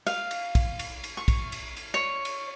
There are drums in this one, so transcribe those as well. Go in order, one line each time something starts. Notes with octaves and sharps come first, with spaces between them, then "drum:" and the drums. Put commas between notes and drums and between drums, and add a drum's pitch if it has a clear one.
F5, drum: cymbal
drum: cymbal
drum: kick, cymbal
drum: cymbal
drum: cymbal
C#6
drum: kick, cymbal
drum: cymbal
drum: cymbal
C#5
drum: cymbal